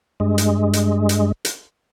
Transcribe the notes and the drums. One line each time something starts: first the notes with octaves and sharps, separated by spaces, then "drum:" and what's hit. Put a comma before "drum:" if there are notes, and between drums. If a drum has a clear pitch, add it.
G2 G#3
drum: hi-hat
drum: hi-hat
drum: hi-hat
drum: hi-hat